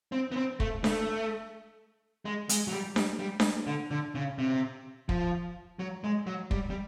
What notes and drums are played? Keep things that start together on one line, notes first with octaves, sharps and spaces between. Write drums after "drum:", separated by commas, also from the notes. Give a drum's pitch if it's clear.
C4
B3
C4
A3, drum: kick
A3, drum: snare D4
G#3
G#3, drum: hi-hat
F#3
G3
G3, drum: snare D4
G3
drum: snare D4
D3
D3
C#3
C3
F3, drum: kick
F#3
G#3
F#3
G3, drum: kick
G3